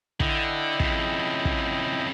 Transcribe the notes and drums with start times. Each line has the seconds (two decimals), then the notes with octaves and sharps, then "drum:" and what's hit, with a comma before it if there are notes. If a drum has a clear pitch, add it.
0.20 D3 E4 D#5 G5, drum: kick
0.80 F2 C#3, drum: kick
1.45 drum: kick